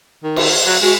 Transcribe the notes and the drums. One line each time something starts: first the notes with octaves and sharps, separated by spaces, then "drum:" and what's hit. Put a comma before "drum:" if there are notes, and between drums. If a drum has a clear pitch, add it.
D#3
drum: cymbal
F#3
G#3 F#4